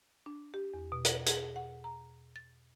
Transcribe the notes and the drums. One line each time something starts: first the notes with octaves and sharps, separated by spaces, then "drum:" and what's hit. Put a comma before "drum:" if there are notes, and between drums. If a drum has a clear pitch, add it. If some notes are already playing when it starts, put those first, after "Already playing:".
D4
G4
E2
B2
drum: hi-hat
G#4, drum: hi-hat
F#5
A#5
A6